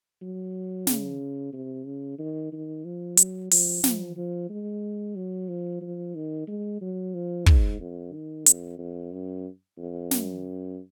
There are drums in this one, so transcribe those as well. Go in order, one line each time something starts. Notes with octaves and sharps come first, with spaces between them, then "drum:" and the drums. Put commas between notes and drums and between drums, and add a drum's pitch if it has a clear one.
F#3
C#3, drum: snare
C3
C#3
D#3
D#3
F3
F#3, drum: hi-hat
F3, drum: open hi-hat
F3, drum: snare
F3
G#3
F#3
F3
F3
D#3
G#3
F#3
F3
G#2, drum: kick
F2
D#3
F2, drum: hi-hat
F2
F#2
F2
F#2, drum: snare